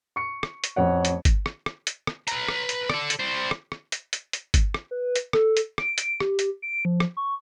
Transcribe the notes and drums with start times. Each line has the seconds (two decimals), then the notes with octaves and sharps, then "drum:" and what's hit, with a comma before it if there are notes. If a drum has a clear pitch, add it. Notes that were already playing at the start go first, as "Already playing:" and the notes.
0.16 C#6 C#7
0.43 drum: rim click
0.64 drum: hi-hat
0.76 A1 F2 C#5 F#5
1.05 drum: hi-hat
1.25 drum: kick G1, hi-hat
1.46 drum: rim click
1.66 drum: rim click
1.87 drum: hi-hat
2.07 drum: rim click
2.28 B4 A#5, drum: hi-hat
2.48 drum: rim click
2.69 drum: hi-hat
2.90 A4 D5, drum: rim click
3.10 drum: hi-hat
3.20 G3 C5
3.51 drum: rim click
3.72 drum: rim click
3.92 drum: hi-hat
4.13 drum: hi-hat
4.33 drum: hi-hat
4.54 drum: kick G1, hi-hat
4.74 drum: rim click
4.91 B4
5.16 drum: hi-hat
5.33 A4, drum: rim click
5.57 drum: hi-hat
5.78 D7, drum: rim click
5.98 drum: hi-hat
6.20 G4, drum: rim click
6.39 drum: hi-hat
6.62 D7
6.85 F3
7.00 drum: rim click
7.17 C#6